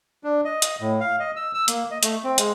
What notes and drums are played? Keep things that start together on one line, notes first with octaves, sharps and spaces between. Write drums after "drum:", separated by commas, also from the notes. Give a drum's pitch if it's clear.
D4
D#5
drum: hi-hat
A2
F5
D#5
E6
E6
A#3, drum: hi-hat
D#5
A3, drum: hi-hat
C4
G#3, drum: hi-hat